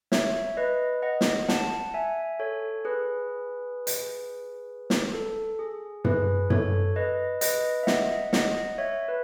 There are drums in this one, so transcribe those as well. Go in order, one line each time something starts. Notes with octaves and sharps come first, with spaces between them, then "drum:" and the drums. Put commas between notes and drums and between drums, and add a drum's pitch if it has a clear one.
C#5 E5, drum: snare
B4 D#5
D#5 F#5
drum: snare
F#5 A5, drum: snare
E5 G#5
A4 C#5
G#4 B4
drum: hi-hat
drum: snare
A4
G#4
G#4 B4, drum: tom
A4 C#5, drum: tom
B4 D#5
B4 D#5, drum: hi-hat
E5
D#5 F#5, drum: snare
D#5 F#5, drum: snare
C#5 E5
B4